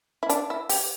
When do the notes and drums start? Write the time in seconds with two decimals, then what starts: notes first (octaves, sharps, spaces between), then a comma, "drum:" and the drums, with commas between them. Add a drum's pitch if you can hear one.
0.23 E4
0.29 D4, drum: hi-hat
0.50 E4
0.69 G4, drum: open hi-hat